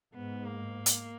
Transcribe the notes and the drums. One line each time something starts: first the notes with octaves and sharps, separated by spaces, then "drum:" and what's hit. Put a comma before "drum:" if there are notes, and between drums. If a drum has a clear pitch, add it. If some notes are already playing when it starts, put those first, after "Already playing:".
G#2 B3
A#3
drum: hi-hat